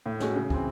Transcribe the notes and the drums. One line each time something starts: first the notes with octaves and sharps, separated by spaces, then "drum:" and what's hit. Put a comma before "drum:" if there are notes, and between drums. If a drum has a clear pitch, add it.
A2
G#3 C#4 F#4 A4, drum: snare
C#3
E3 C4, drum: kick